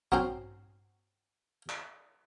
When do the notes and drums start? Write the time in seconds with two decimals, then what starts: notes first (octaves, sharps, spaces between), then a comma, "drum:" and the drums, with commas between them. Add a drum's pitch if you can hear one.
0.12 F#3 C4 C#4 C5, drum: kick A#1
1.69 drum: clap